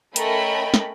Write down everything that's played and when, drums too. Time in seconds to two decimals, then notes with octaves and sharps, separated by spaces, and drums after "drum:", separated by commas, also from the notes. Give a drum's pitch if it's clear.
0.16 A3 C#4 A#4 D#5 G5 B5, drum: hi-hat
0.74 drum: snare